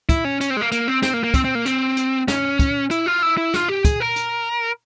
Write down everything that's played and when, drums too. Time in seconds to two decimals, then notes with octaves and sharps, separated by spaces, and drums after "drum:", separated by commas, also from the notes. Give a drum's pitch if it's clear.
0.09 E4, drum: kick, hi-hat
0.25 C#4
0.41 C#4, drum: hi-hat
0.50 C4
0.57 G#3
0.61 A#3
0.72 A#3, drum: hi-hat
0.88 C4
1.02 C4, drum: snare
1.14 A#3
1.24 A#3
1.34 C4, drum: kick, hi-hat
1.44 C4
1.55 A#3
1.66 C4, drum: hi-hat
1.97 drum: hi-hat
2.28 C#4, drum: snare
2.59 drum: kick, hi-hat
2.91 E4, drum: hi-hat
3.06 F4
3.22 E4
3.37 E4
3.54 F4, drum: snare
3.69 G4
3.85 G#4, drum: kick, hi-hat
4.00 A#4
4.16 drum: hi-hat